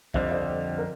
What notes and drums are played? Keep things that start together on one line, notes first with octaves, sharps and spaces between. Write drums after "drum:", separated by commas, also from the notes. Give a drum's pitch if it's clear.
F2 D3 G3 C5 D#5, drum: kick
C5 D#5
A#4